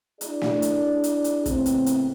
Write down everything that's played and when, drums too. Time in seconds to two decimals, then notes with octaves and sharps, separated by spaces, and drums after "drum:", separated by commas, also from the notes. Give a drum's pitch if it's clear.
0.21 D4 E4 G#4 D5, drum: hi-hat
0.41 drum: snare
0.62 drum: hi-hat
1.04 drum: hi-hat
1.24 drum: hi-hat
1.46 A2 C#3 B3 C4, drum: kick, hi-hat
1.66 drum: hi-hat
1.86 drum: hi-hat